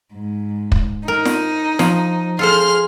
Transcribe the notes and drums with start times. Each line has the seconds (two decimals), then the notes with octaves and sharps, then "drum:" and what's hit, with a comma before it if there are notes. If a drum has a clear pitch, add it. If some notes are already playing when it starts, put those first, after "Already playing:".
0.14 G#2
0.72 drum: kick
1.08 D#4 A#4
1.25 drum: snare
1.79 F3, drum: snare
2.39 F4 G#4 A4 C5 C6 F6